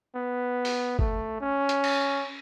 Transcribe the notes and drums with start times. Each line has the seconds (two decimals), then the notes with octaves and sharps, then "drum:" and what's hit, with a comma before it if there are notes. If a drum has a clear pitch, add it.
0.14 B3
0.65 drum: open hi-hat
0.99 A3, drum: kick
1.40 C#4
1.69 drum: hi-hat
1.84 drum: cymbal